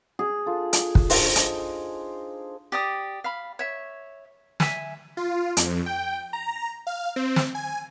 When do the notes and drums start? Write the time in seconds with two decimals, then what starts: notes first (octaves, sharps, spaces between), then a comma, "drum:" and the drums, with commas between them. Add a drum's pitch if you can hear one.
0.19 G#4
0.46 D4 F4 A4
0.73 drum: hi-hat
0.95 drum: kick
1.10 D4 D#4 C5, drum: open hi-hat
1.36 drum: hi-hat
2.72 G4 D5 D#6
3.24 F5 B5
3.59 C#5 E5
4.60 E5 G#5, drum: snare
5.17 F4
5.57 F2, drum: hi-hat
5.86 G5
6.33 A#5
6.87 F5
7.16 C4
7.36 drum: snare
7.55 G#5